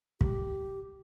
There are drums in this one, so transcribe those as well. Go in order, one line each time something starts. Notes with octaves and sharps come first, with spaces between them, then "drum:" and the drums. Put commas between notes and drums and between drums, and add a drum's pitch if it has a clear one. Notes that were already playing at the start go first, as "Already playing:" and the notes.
G4, drum: kick